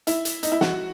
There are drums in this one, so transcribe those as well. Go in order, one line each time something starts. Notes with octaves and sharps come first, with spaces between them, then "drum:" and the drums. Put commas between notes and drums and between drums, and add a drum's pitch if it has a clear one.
E4, drum: hi-hat
drum: hi-hat
D#4, drum: hi-hat
E4
F#4, drum: snare